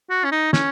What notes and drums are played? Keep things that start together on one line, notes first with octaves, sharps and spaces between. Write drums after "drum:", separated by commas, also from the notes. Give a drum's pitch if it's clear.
F#4
C#4
D#4
C#4, drum: snare